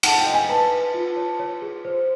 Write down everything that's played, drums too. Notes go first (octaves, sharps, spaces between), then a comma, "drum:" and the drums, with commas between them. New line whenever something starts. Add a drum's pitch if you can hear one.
F#5 A5, drum: cymbal
G5
D#5
G#5
B4 A5
B4
F4
C#5
C#5
G#4
C5